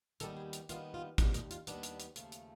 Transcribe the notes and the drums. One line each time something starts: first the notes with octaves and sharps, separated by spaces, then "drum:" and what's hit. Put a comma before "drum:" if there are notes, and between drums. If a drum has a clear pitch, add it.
D#2 D#3 G3 B3 A4, drum: hi-hat
G#4
drum: hi-hat
D#2 D#3 G3 B3 F4, drum: hi-hat
F4
D#2 D#3 G3 B3, drum: kick, hi-hat
D#4, drum: hi-hat
F4, drum: hi-hat
D#2 D#3 G3 B3 D4, drum: hi-hat
drum: hi-hat
drum: hi-hat
D#2 C#3 F3 A3, drum: hi-hat
drum: hi-hat